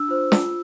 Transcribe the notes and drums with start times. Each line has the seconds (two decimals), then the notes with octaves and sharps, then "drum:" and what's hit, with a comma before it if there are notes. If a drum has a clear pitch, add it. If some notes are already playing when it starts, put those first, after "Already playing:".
Already playing: D4 E6
0.08 F4 C5
0.32 F4, drum: snare